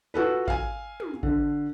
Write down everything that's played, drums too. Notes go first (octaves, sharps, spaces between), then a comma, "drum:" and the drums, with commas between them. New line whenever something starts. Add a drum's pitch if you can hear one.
F4 F#4 A4 B4
F5 G#5, drum: kick G#1
drum: tom
D3, drum: kick G#1